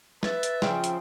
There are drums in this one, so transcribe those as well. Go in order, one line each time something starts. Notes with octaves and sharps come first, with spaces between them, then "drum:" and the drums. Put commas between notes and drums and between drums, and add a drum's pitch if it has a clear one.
B4 E5 A6, drum: snare
drum: hi-hat
C#3 F3 C4 G5, drum: snare
drum: hi-hat